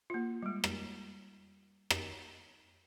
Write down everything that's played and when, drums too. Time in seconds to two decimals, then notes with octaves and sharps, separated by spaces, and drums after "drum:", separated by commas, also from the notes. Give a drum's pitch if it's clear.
0.10 A#3 F4
0.43 G3 G#3
0.64 drum: rim click
1.90 drum: rim click